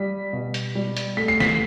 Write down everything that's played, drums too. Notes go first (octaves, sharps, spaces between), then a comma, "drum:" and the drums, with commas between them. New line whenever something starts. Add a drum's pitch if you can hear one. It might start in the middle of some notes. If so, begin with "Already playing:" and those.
Already playing: G3 B6
B2
drum: hi-hat
G3
drum: hi-hat
A3 B6
C7
B6, drum: snare